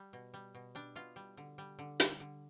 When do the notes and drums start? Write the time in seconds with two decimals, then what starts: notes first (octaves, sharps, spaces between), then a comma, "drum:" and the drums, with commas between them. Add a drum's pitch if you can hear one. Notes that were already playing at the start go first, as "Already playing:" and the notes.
Already playing: G3
0.13 B2
0.34 G3
0.55 B2
0.75 G3 D4
0.95 B2 F4
1.16 G3
1.37 D3
1.58 G3
1.79 D3
2.00 G3, drum: hi-hat
2.20 D3